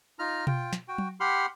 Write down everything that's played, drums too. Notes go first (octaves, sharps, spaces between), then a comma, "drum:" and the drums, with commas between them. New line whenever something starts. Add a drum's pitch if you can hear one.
D#4 F4 A#5 F6
F4 G5, drum: tom B2
drum: snare
F#4 G5
drum: tom F#3
G4 F#5 B5 C6 F6